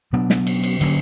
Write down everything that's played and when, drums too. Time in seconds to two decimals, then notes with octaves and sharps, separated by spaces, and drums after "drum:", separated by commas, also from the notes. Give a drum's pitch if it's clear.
0.13 B2 F#3 B3 D4
0.30 drum: snare
0.47 drum: cymbal
0.64 drum: cymbal
0.81 D3 F#3 A#3 C#4, drum: cymbal